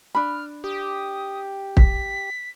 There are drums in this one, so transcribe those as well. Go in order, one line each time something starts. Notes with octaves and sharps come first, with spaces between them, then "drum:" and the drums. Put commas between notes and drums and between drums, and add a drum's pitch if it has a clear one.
D4 B5 F6
G4 D#6
B6, drum: kick